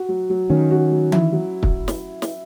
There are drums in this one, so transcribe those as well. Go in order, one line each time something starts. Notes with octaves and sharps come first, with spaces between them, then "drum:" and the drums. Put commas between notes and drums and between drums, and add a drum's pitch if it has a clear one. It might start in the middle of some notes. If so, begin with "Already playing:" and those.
Already playing: F#4
F#3
F#3
D#3 C#4
F#4
F#3
E4, drum: tom E3
F#3
drum: kick
drum: snare
drum: snare